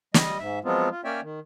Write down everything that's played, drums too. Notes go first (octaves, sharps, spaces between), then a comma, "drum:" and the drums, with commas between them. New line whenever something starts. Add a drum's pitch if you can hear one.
G3 D#5, drum: snare
G#2 E5
F3 F#3 G#3 B3 C4 F4
F4
A#3 C#4 C#5 D5 E5 G5
D#3